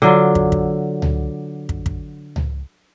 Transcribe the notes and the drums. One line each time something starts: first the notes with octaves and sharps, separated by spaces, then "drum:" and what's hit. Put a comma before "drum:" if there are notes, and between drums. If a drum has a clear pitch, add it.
D3 F#3 F4
drum: kick
drum: kick
drum: tom C#2
drum: kick
drum: kick
drum: tom C#2